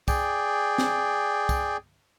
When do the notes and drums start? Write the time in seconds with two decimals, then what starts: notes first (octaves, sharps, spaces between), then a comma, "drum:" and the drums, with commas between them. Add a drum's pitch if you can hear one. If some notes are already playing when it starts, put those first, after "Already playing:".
0.08 G#4 D5 G5, drum: kick, tambourine
0.78 drum: snare
1.49 drum: kick, tambourine